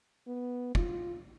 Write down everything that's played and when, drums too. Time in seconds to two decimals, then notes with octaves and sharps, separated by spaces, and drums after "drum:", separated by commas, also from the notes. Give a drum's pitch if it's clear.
0.27 B3
0.75 F4, drum: kick